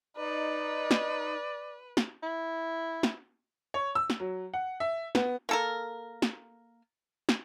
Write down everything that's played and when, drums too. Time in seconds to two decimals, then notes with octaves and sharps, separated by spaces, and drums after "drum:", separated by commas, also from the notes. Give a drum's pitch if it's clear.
0.17 D#4 B4 D5
0.91 drum: snare
1.97 drum: snare
2.23 E4
3.03 drum: snare
3.74 C#5
3.95 E6
4.10 drum: snare
4.20 F#3
4.54 F#5
4.80 E5
5.15 B3, drum: snare
5.49 A#3 A4 A#4
6.22 drum: snare
7.29 drum: snare